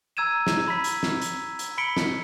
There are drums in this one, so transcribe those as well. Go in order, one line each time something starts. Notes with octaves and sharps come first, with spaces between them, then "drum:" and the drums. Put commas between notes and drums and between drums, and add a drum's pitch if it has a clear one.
A#5 E6 G#6 D#7 E7
drum: snare
B5 B6
drum: hi-hat
drum: snare
drum: hi-hat
drum: hi-hat
B5 B6 C#7 D7 G7
drum: snare